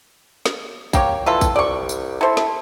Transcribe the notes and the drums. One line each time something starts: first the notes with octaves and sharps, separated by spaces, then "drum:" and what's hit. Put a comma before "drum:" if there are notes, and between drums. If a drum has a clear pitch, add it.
drum: snare
A#3 G4 C#5, drum: kick, tambourine
E3 G3 F4 A4
drum: kick, tambourine
C2 D5 C#6
drum: tambourine
E4 A4 C5
drum: snare